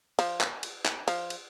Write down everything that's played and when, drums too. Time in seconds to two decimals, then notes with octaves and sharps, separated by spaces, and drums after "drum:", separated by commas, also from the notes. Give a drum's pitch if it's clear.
0.19 F3, drum: cymbal
0.41 drum: clap
0.63 drum: cymbal
0.85 drum: clap
1.08 F3, drum: cymbal
1.30 drum: cymbal